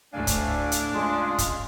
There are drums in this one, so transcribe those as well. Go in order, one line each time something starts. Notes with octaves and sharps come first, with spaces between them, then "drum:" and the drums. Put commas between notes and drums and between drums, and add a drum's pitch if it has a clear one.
D2 A2 A3 D4 D5 F5 G#5
drum: kick, hi-hat
drum: hi-hat
C#3 G#3 F4 G#4
drum: kick, hi-hat